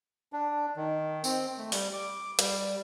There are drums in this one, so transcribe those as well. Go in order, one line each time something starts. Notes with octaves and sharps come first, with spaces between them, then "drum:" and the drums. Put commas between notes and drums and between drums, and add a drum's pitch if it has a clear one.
D4
D#3
C4, drum: tambourine
A3
G3, drum: open hi-hat
D6
G3, drum: hi-hat